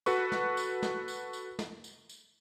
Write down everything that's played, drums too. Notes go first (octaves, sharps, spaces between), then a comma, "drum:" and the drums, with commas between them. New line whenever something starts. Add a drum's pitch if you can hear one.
F#4 A4 B4 C#6, drum: tambourine
drum: snare
drum: tambourine
drum: snare
drum: tambourine
drum: tambourine
drum: snare
drum: tambourine
drum: tambourine